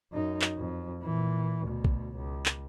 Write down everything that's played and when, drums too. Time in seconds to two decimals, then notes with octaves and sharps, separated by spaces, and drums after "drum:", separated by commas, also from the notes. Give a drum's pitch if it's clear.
0.12 F#2 D#4
0.42 drum: clap
0.58 F2
1.03 A#2 E3
1.64 D2 B2
1.84 drum: kick
2.15 C#2
2.46 drum: clap